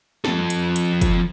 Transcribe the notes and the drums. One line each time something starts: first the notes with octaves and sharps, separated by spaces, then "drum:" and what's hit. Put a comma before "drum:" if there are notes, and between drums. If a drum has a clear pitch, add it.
F3 A4, drum: snare
drum: hi-hat
drum: hi-hat
drum: kick, hi-hat